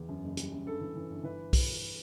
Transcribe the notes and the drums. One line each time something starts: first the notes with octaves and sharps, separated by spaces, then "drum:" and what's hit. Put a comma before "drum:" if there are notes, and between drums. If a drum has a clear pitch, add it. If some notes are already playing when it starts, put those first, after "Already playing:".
Already playing: E2
F#2
F#1
G3, drum: hi-hat
F#2
G2 A4
E3
E3
G1
E3 B4
drum: kick B1, open hi-hat